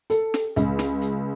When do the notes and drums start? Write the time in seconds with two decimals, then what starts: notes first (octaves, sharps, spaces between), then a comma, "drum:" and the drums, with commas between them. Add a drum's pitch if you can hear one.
0.10 A4, drum: hi-hat
0.34 drum: snare
0.56 C#2, drum: hi-hat
0.79 drum: snare
1.01 drum: hi-hat